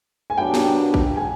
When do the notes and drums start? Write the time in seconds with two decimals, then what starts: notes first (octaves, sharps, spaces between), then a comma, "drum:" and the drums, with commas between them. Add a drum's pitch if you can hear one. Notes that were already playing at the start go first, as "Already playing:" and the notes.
0.30 G#5
0.37 A#2 F#3 B3 D4 G4 G5
0.54 drum: snare
0.94 drum: kick
1.16 G#5